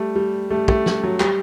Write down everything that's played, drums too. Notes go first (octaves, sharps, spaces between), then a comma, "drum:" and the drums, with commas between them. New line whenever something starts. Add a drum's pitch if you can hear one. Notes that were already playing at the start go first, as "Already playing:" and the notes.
Already playing: G3 A3
G3
G3 A3
G3 A3, drum: kick
G3, drum: snare
F#3
G3, drum: clap